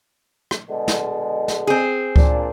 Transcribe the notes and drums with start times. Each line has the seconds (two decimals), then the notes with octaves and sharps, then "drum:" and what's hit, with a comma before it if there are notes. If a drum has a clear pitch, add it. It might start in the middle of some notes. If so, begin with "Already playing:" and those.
0.51 drum: rim click
0.70 B2 D3 G#3
0.88 drum: snare
1.48 drum: snare
1.67 C4 G#4
2.16 A#2 D4, drum: kick C#2